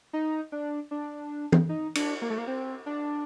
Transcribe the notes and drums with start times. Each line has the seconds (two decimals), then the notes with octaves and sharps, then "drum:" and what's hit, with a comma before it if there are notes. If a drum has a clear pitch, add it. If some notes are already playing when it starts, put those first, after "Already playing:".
0.13 D#4
0.52 D4
0.91 D4
1.52 drum: tom E3
1.69 D#4
1.95 D4, drum: cymbal
2.22 A#3
2.30 A3
2.38 A#3
2.47 C4
2.86 D4